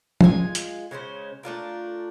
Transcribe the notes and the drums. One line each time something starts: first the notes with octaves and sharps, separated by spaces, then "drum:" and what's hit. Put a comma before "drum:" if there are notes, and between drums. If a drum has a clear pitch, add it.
G#3 F4 F#4 G#5, drum: tom
drum: hi-hat
C#3 G#3 C#4 C5
A3 D4 F4 A#4